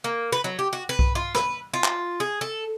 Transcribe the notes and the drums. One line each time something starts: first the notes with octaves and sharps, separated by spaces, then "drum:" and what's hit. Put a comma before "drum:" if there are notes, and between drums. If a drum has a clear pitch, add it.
A#3
B4
F#3
G4
F#4
B4
drum: kick B1
F4
B4, drum: rim click
F4
drum: clap
G#4
A4